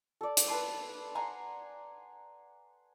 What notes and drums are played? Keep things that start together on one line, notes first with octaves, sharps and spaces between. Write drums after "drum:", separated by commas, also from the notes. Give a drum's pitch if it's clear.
A4 D5
drum: hi-hat
B4 A5 C6
F#5 G#5 A#5 C6